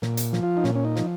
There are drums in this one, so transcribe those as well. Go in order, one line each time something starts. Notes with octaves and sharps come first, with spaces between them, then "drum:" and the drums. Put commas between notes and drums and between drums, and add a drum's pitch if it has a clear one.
A#2, drum: snare
drum: hi-hat
F3, drum: snare
F4
D#4
A#2 C#4, drum: snare
C#4
D#4
F3, drum: snare